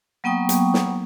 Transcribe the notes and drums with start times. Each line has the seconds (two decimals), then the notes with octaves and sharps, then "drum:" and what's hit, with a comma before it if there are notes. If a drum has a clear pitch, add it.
0.24 F#3 A#3 B3 G5 C#6 D#6
0.49 drum: hi-hat
0.74 drum: snare